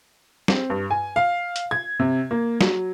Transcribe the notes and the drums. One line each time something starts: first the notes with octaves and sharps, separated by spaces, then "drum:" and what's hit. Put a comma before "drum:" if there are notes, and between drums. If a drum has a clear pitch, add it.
C4, drum: snare
G2
G#5
F5
drum: hi-hat
G#6
C3
A#3
F#3, drum: snare